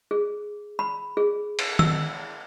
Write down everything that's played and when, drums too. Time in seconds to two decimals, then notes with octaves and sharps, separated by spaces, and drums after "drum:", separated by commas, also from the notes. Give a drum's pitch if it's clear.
0.11 G#4
0.79 B5
1.17 G#4
1.59 drum: cymbal
1.79 E6, drum: tom D#3